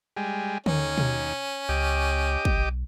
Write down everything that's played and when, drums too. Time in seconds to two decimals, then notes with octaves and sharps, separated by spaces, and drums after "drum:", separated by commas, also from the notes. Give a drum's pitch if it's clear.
0.17 G3 G#3
0.66 D#2 C#4, drum: tom D3
0.98 drum: tom B2
1.69 C#2 G4 D#5 D6
2.45 drum: kick
2.56 B1